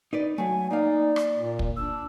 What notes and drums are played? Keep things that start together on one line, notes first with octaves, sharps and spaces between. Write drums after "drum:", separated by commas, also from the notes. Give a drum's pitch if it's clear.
D#4 B4 D5
F#3 A3 G#5
A#3 D#4 D5 F5
drum: rim click
A#2
drum: kick
D4 E6